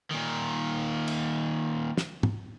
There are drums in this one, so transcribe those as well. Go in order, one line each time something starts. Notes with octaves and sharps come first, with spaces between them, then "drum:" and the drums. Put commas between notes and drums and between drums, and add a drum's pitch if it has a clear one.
A#2 D#3
drum: cymbal
drum: snare
drum: tom